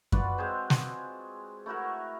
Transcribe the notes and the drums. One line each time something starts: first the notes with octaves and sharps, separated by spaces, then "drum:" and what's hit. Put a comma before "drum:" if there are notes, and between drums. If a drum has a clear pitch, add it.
F4 F#4 B4 D5, drum: kick F#2
G#3 C4 G#4 C5
drum: snare
A3 E4 F#4 A#4